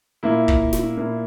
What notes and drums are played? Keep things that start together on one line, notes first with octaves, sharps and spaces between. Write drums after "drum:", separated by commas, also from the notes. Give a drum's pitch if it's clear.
A#2 A#3 E4
drum: kick
drum: snare
A#2 A#3 E4